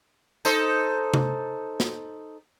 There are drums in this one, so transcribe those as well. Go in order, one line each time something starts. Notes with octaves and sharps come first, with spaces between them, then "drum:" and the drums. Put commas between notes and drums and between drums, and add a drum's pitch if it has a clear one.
D#4 A4 C5, drum: tambourine
drum: tom C3
drum: snare